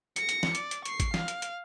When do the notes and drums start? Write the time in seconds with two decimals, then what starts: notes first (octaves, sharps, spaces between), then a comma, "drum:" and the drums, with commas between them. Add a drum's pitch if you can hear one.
0.16 A#6 C#7, drum: hi-hat
0.29 drum: hi-hat
0.43 drum: snare
0.55 D5, drum: hi-hat
0.71 drum: hi-hat
0.85 C#6 C7, drum: hi-hat
1.00 drum: kick G#1, hi-hat
1.14 F5, drum: snare
1.28 drum: hi-hat
1.42 drum: hi-hat